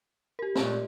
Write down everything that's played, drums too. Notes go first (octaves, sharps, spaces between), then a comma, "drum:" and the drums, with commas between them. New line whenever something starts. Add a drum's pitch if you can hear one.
G4 A#4
A#2 G#3 A3, drum: snare